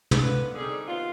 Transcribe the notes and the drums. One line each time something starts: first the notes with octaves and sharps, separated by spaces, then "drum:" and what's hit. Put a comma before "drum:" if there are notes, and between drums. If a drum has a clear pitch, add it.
drum: tom
D3 F3 B3 B4
D3 G3 C4 D#4 G#4
C3 D#3 B3 F4